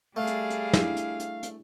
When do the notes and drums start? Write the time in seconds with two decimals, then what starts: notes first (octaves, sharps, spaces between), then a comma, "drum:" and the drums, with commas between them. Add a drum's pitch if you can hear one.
0.16 G3 A3 G#4 F5
0.27 drum: hi-hat
0.50 drum: hi-hat
0.73 D4 E4, drum: snare
0.97 drum: hi-hat
1.20 drum: hi-hat
1.43 drum: hi-hat